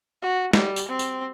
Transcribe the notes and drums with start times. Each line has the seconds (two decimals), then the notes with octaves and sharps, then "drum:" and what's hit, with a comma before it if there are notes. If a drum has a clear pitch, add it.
0.22 F#4
0.53 G3, drum: snare
0.76 drum: tambourine
0.88 C4
0.99 drum: tambourine